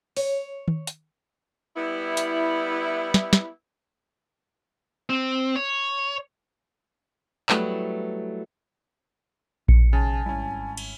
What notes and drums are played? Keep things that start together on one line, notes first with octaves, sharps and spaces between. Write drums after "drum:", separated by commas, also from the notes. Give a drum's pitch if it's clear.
C#5, drum: open hi-hat
drum: tom D#3
drum: hi-hat
G3 B3 E4
drum: hi-hat
drum: snare
drum: snare
C4
C#5
F#3 G3 A3 B3 E4, drum: clap
B1 C#7, drum: kick A#1
C#3 G#5 A5 A6
G#1 G3 C#4 E4
drum: cymbal